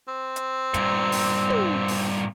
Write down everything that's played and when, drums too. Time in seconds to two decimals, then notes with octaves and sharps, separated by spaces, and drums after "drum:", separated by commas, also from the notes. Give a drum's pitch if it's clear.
0.08 C4
0.36 drum: hi-hat
0.74 G2 A#2, drum: kick, hi-hat
1.12 drum: open hi-hat
1.50 drum: tom
1.88 drum: open hi-hat